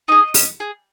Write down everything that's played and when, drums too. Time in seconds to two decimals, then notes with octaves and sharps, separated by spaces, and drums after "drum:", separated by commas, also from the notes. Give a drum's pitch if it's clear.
0.08 D#4 G#4 D#5
0.34 C#4, drum: open hi-hat
0.60 G#4